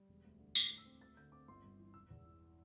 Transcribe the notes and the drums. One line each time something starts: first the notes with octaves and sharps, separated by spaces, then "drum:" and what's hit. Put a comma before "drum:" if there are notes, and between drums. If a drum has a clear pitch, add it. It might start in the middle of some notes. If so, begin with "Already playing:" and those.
Already playing: G3
E1
D2
D3
A2 D6, drum: tambourine
A3
E6
C4
D2 A6
D3 G6
C4 D6
G1 C6
G2
E3
E1 E6
E2
E3